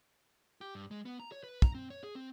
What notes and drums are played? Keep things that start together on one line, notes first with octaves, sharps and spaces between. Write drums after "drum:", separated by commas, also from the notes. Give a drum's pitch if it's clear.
G4
G2
G#3
B3
A#5
C#5
B4
A#5, drum: kick
C4
C#5
G#4
C4